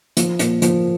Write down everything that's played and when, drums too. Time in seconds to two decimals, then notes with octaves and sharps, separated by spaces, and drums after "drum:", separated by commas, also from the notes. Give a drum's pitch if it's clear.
0.17 F3, drum: hi-hat
0.39 A#2, drum: hi-hat
0.62 F3, drum: hi-hat